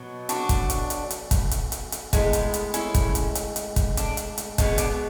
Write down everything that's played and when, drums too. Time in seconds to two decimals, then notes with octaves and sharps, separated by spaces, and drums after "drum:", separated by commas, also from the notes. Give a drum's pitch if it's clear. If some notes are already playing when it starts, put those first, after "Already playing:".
Already playing: B2 F#3
0.29 D4 F#4, drum: hi-hat
0.49 drum: kick, hi-hat
0.70 drum: hi-hat
0.90 drum: hi-hat
1.11 drum: hi-hat
1.31 drum: kick, hi-hat
1.51 drum: hi-hat
1.72 drum: hi-hat
1.92 drum: hi-hat
2.13 A2 G#3 B3, drum: kick, hi-hat
2.33 drum: hi-hat
2.54 drum: hi-hat
2.74 C#4 E4, drum: hi-hat
2.94 drum: kick, hi-hat
3.15 drum: hi-hat
3.35 drum: hi-hat
3.56 drum: hi-hat
3.76 drum: kick, hi-hat
3.97 D4, drum: hi-hat
4.17 drum: hi-hat
4.38 drum: hi-hat
4.58 B2 G#3 B3 D4, drum: kick, hi-hat
4.78 D4, drum: hi-hat